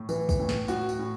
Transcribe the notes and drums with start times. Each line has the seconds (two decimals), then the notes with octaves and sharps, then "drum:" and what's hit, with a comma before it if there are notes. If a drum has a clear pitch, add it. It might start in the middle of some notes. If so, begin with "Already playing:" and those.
Already playing: A2
0.09 E3, drum: tambourine
0.29 drum: kick, tambourine
0.39 A2
0.49 drum: snare
0.68 A2 F#4, drum: tambourine
0.89 drum: tambourine
0.99 A2